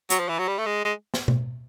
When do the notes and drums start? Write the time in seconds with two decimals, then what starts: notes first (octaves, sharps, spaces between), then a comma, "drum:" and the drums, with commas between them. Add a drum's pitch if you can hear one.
0.10 F#3, drum: hi-hat
0.20 F3
0.29 E3
0.39 F#3
0.48 G3
0.58 A3
0.66 G#3
0.85 G#3
1.14 drum: snare
1.28 drum: tom B2